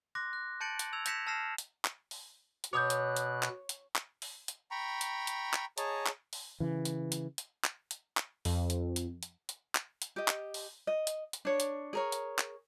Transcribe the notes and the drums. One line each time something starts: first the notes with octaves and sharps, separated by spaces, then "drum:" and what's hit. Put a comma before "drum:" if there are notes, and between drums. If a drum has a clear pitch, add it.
C6 D6 F#6 A#6
F#6
A5 G6 A6 C#7 D7 F#7
drum: hi-hat
E6 G#6 F7
G6 G#6 A#6 B6 C#7 E7, drum: hi-hat
A5 E6 F6 A#6 C7 E7
drum: hi-hat
drum: clap
drum: open hi-hat
drum: hi-hat
B2 C#5 D6 D#6 F#6 G6
drum: hi-hat
drum: hi-hat
drum: clap
drum: hi-hat
drum: clap
drum: open hi-hat
drum: hi-hat
G5 A#5 B5 C#6
drum: hi-hat
drum: hi-hat
drum: clap
G#4 C#5 D#5 A5 A#5, drum: hi-hat
drum: clap
drum: open hi-hat
C#3 E3
drum: hi-hat
drum: hi-hat
drum: hi-hat
drum: clap
drum: hi-hat
drum: clap
F2, drum: open hi-hat
drum: hi-hat
drum: hi-hat
drum: hi-hat
drum: hi-hat
drum: clap
drum: hi-hat
G4 D#5
drum: clap
drum: open hi-hat
D#5
drum: hi-hat
drum: hi-hat
D4 C#5
drum: hi-hat
G#4 A#4 C#5
drum: hi-hat
drum: clap